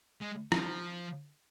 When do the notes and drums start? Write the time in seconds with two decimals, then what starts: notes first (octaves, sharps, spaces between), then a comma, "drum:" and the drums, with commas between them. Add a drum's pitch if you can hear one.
0.22 G#3
0.52 F3, drum: rim click